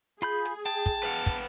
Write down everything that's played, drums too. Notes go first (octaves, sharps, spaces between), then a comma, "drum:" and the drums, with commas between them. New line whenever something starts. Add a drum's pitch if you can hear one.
F4 G#4 B5 G6, drum: hi-hat
drum: hi-hat
G5 A5, drum: hi-hat
drum: kick, hi-hat
B4 F5 F#5, drum: hi-hat
drum: kick, hi-hat